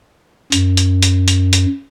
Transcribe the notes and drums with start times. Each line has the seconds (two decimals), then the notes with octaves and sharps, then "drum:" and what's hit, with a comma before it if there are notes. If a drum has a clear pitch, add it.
0.52 F#2, drum: hi-hat
0.77 drum: hi-hat
1.02 drum: hi-hat
1.28 drum: hi-hat
1.53 drum: hi-hat